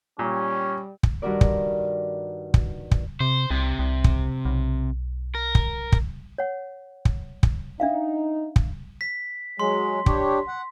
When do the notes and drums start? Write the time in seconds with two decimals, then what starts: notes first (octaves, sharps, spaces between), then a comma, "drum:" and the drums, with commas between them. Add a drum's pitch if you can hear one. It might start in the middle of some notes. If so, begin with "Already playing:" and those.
0.19 A#2 G3 C#4
1.03 drum: kick
1.22 G2 D#3 F#4 A#4 D5
1.41 drum: kick
2.54 drum: kick
2.91 drum: kick
3.21 C3 C5
3.51 C2 C3
3.79 C2
4.04 drum: kick
4.45 B1
5.35 A#4
5.55 drum: kick
5.92 drum: kick
6.38 C#5 F#5
7.05 drum: kick
7.43 drum: kick
7.80 D4 D#4 E5 F5
8.56 drum: kick
9.01 B6
9.60 F#3 G#3 C6
10.06 D4 G4 C#5, drum: kick
10.48 F#5